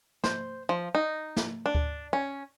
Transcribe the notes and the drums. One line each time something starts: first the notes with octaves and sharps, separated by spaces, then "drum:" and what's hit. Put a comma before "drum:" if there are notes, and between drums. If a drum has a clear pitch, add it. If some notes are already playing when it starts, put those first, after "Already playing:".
C5, drum: snare
F3
D#4
drum: snare
D4
drum: kick D2
C#4